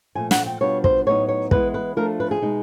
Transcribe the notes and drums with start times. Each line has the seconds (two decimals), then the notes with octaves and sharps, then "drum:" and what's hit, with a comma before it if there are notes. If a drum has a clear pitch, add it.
0.15 A#2 F3 A3 G#5
0.31 F#5, drum: snare
0.46 G5
0.61 B2 G3 B3 D4 F4 C#5
0.84 C5, drum: kick
1.06 A2 F#3 B3 D#4 C#5
1.28 C#5
1.51 E3 G#3 B3 E4 B4, drum: kick
1.74 B4
1.96 F3 A3 D4 F4 A#4
2.20 B4
2.31 G#4
2.42 B2 G#3 B3 D#4